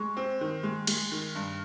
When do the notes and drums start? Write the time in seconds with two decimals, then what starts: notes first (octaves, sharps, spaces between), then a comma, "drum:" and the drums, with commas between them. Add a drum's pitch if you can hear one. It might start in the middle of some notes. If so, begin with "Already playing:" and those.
Already playing: G#3 C#6
0.17 C4
0.41 D#3
0.63 G#3
0.87 G#3, drum: cymbal
1.11 D#3
1.35 G2